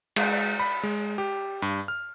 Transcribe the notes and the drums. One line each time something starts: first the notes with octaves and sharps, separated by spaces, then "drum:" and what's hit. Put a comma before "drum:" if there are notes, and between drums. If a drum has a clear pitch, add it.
G#3, drum: cymbal
B5
G#3
G4
G2
F6